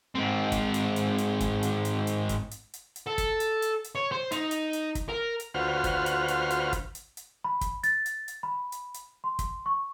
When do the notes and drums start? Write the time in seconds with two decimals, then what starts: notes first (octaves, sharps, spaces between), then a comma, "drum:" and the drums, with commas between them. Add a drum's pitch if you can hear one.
0.15 G#2 C4
0.52 drum: kick, hi-hat
0.74 drum: hi-hat
0.96 drum: hi-hat
1.18 drum: hi-hat
1.41 drum: kick, hi-hat
1.63 drum: hi-hat
1.85 drum: hi-hat
2.07 drum: hi-hat
2.29 drum: kick, hi-hat
2.51 drum: hi-hat
2.74 drum: hi-hat
2.96 drum: hi-hat
3.06 A4
3.18 drum: kick, hi-hat
3.40 drum: hi-hat
3.62 drum: hi-hat
3.84 drum: hi-hat
3.95 C#5
4.12 C5
4.32 D#4, drum: hi-hat
4.51 drum: hi-hat
4.73 drum: hi-hat
4.95 drum: kick, hi-hat
5.09 A#4
5.40 drum: hi-hat
5.54 D2 F4 F#4 B4 C5 F6
5.84 drum: kick, hi-hat
6.06 drum: hi-hat
6.28 drum: hi-hat
6.50 drum: hi-hat
6.73 drum: kick, hi-hat
6.95 drum: hi-hat
7.17 drum: hi-hat
7.44 B5
7.61 drum: kick, hi-hat
7.83 A6, drum: hi-hat
8.06 drum: hi-hat
8.28 drum: hi-hat
8.43 B5
8.72 drum: hi-hat
8.94 drum: hi-hat
9.24 C6
9.39 drum: kick, hi-hat
9.66 C#6